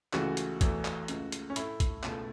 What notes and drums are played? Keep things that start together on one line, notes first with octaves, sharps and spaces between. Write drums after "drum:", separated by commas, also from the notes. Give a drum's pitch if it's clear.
C#2 C#3 E3 A3 F#4, drum: clap
drum: hi-hat
E2 E3 A3, drum: kick, hi-hat
drum: clap
C#2 C#3 A3, drum: hi-hat
drum: hi-hat
C#4
A2 A3 E4, drum: hi-hat
drum: kick, hi-hat
C#2 B2 A3, drum: clap